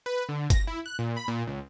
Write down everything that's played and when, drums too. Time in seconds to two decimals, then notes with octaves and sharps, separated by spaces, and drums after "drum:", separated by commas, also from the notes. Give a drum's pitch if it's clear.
0.06 B4
0.29 D3
0.50 A#6, drum: kick G1, hi-hat
0.67 E4
0.86 F#6
0.99 A#2
1.17 B5
1.28 A#2
1.47 C#2